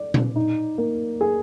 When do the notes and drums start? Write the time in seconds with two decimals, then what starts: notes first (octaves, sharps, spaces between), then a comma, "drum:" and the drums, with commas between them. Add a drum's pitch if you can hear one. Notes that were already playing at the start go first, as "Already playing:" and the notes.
Already playing: D5
0.14 drum: tom A#2
0.36 D#4
0.78 A#3
1.21 G#4